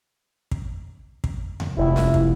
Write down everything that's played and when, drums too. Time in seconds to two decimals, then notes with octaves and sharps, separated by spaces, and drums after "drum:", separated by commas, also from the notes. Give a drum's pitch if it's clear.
0.51 drum: kick
1.24 drum: kick
1.60 drum: tom E2
1.78 F1 E4
1.96 drum: snare
2.14 drum: kick